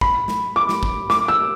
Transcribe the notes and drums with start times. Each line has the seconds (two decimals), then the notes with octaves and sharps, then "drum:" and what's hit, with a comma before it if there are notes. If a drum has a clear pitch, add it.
0.01 B5, drum: kick
0.28 drum: snare
0.56 D6
0.69 drum: snare
0.83 drum: kick
1.10 D6, drum: snare
1.28 E6